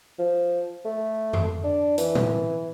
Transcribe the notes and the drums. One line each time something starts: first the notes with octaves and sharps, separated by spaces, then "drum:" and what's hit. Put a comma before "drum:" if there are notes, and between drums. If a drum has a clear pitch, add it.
F3
A3
drum: tom F2
D4
E3, drum: hi-hat
drum: tom A2